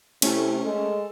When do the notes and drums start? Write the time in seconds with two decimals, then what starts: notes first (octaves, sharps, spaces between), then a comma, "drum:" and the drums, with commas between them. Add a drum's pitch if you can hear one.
0.22 C3 A3 C#4 E4, drum: cymbal
0.64 G#3 A4